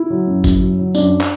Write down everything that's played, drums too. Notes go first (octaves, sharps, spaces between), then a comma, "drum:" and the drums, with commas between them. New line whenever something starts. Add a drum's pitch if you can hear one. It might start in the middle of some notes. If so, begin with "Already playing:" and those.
Already playing: E4
F#3
F#2
F#2, drum: kick, tambourine
F#3
F#3
F#2 D4, drum: tambourine
drum: clap